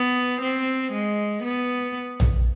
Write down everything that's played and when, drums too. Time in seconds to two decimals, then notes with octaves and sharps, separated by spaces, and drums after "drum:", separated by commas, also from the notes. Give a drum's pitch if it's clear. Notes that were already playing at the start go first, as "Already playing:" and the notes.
Already playing: B3
0.41 C4
0.92 G#3
1.43 B3
2.20 drum: tom A#1